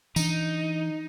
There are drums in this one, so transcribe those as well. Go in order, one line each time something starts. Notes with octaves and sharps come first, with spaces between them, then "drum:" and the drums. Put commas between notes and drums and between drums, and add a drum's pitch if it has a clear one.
E3 D4 D#4, drum: tambourine